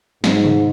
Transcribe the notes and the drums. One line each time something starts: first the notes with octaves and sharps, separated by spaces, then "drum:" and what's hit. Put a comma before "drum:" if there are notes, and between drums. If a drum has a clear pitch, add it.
G#2, drum: snare
drum: tom B2